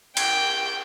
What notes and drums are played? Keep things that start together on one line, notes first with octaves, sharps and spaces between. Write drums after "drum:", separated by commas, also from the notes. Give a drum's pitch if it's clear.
G5, drum: cymbal